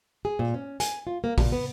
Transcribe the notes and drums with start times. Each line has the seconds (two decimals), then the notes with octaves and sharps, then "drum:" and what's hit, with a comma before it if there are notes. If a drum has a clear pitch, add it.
0.25 G#4
0.39 A#2
0.54 C#4
0.80 G#5, drum: hi-hat
1.07 F4
1.24 A#3
1.38 A#2, drum: kick, open hi-hat
1.52 B3